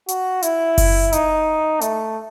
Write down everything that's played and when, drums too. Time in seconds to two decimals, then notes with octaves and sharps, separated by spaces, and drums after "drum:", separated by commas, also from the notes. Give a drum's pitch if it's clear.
0.08 F#4, drum: hi-hat
0.42 E4, drum: hi-hat
0.78 drum: kick F#1, open hi-hat
1.13 D#4, drum: hi-hat
1.81 A3, drum: hi-hat